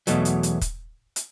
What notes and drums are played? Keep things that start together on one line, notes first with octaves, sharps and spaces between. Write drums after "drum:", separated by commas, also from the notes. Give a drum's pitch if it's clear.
E2 B2 F#3 A3, drum: hi-hat
drum: hi-hat
drum: hi-hat
drum: kick, hi-hat
drum: hi-hat